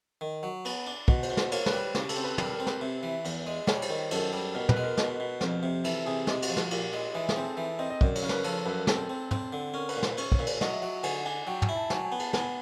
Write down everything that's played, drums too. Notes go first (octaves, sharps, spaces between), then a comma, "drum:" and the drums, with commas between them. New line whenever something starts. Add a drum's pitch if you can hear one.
D#3
F#3
B3, drum: cymbal
D4
B2 F#4, drum: kick
C5, drum: cymbal
B2
C5, drum: snare
A#3 C#5, drum: cymbal
B4, drum: snare
G3
C#3 G4, drum: snare
A4, drum: cymbal
C4
B4
G3 A#4, drum: tom
A#4
C4
B4, drum: snare
C3
E3
E2, drum: cymbal
G#3
G3 C#5, drum: snare
C5, drum: cymbal
D#3
F#2 A4, drum: cymbal
G3
B2 A#4
B4, drum: tom
G#3
A#4
B2, drum: snare
B2
F2, drum: snare
C3
E3 A4, drum: cymbal
C3 G#4
G#3 G4, drum: snare
F#4, drum: cymbal
F3
F4, drum: snare
A#2 G4, drum: cymbal
G#3
E3 G#4
G#4, drum: snare
C4
A4
E3
C4 D#5
D#5
F#2 D5, drum: kick
C#5, drum: cymbal
C#3 A#4
B4, drum: snare
F3 A4, drum: cymbal
F#2 B4
C4 A4, drum: snare
C4
C4, drum: tom
D3
C#4 A#4
B4, drum: cymbal
A#2
C5, drum: snare
C#4, drum: cymbal
C#5, drum: kick
A#2
D5, drum: cymbal
F#3 D#5, drum: snare
E5
F#3 F#5
D3 G#5, drum: cymbal
D4 G#5
F#3 G5
G#5, drum: tom
E4
A5
F#3 G#5, drum: snare
G#5
B3
A5, drum: cymbal
B3 G#5, drum: snare